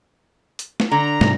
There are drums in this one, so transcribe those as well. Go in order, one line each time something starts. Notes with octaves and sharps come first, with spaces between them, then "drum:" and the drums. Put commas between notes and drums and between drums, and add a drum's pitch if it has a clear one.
drum: hi-hat
drum: snare
D3 A#5
G#2 C3 G3, drum: snare